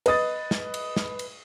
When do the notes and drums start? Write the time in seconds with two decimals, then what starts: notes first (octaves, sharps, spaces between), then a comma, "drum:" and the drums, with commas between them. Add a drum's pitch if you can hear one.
0.06 B4 D#5 D#6 A6, drum: cymbal
0.51 drum: snare
0.74 drum: cymbal
0.96 drum: snare
1.19 drum: cymbal